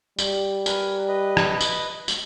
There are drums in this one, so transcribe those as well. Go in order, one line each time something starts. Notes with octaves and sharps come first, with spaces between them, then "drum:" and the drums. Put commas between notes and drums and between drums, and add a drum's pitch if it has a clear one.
G3, drum: tambourine
A#4 B4 G#5, drum: tambourine
B4 D#5
drum: rim click
drum: tambourine
drum: tambourine